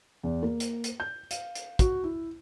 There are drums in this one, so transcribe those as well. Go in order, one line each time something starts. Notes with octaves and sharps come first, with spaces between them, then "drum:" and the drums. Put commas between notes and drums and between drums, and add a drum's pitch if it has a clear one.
E2
A#3
drum: hi-hat
drum: hi-hat
G6
F5, drum: hi-hat
drum: hi-hat
F#4, drum: kick, hi-hat
E4